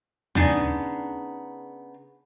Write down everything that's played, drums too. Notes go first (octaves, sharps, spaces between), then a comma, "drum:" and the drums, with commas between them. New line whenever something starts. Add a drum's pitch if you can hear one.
C#3 B3 D4 D#4 G#5, drum: tom D#2